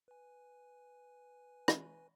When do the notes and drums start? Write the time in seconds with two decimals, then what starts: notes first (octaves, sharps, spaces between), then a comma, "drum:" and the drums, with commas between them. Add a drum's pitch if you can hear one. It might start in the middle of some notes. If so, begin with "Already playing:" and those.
0.08 B4 G#5
1.68 drum: rim click